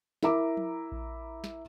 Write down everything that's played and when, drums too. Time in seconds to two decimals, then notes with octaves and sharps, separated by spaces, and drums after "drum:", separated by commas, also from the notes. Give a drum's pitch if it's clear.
0.23 E4 A#4 E5 A#5 D6, drum: snare
0.57 drum: tom F3
0.92 drum: kick A#1
1.44 drum: snare